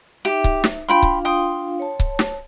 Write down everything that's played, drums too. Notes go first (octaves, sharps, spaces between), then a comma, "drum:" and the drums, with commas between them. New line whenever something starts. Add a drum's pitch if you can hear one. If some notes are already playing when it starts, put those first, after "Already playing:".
D#4 G4 E5
drum: kick C#1
drum: snare
D4 F4 F5 G5 B5 C6
drum: kick C#1
G5 C6 D#6
C#5 A5
drum: kick C#1
drum: snare